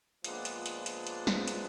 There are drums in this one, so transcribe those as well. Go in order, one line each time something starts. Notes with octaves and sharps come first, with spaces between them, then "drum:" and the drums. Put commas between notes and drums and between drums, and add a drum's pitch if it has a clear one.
A#2 F3 G#3 B3 D4, drum: hi-hat
drum: hi-hat
drum: hi-hat
drum: hi-hat
drum: hi-hat
drum: snare
drum: hi-hat